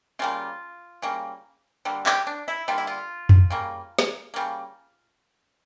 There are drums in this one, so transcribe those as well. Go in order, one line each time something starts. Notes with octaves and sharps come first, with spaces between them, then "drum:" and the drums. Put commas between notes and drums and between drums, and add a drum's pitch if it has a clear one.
C#3 G3 A#3 F4
C#3 G3 A#3
D3 G3 A#3
G4, drum: clap
D4
E4
D3 G3 A#3 F4
E4
F4
drum: tom F2
C#3 G3 A#3
drum: snare
C#3 G3 A#3